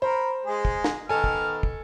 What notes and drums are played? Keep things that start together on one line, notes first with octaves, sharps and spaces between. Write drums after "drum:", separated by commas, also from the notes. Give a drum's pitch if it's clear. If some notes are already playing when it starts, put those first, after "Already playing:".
A#4 C5 B5
G#3 G#4
drum: kick
drum: snare
D#3 B3 A4 G#5 F6
drum: kick
drum: kick